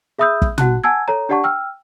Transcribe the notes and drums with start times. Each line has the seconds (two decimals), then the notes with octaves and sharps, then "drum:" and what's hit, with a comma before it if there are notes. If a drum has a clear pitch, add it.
0.19 G#4 E5 B5 D#6 E6 G6
0.42 drum: kick
0.58 F#4 F#5 A5 F#6, drum: tom
0.84 F#5 G#5 A5 E6 G#6
1.08 A4 C#5 A#5
1.29 D4 G4 D5 F#5 A5 C#6
1.44 G5 E6 F6